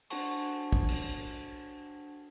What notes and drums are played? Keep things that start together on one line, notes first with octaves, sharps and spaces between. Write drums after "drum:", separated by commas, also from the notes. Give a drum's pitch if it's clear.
D4 F#4 C5 F#5 A5 C#6, drum: cymbal
drum: kick
drum: cymbal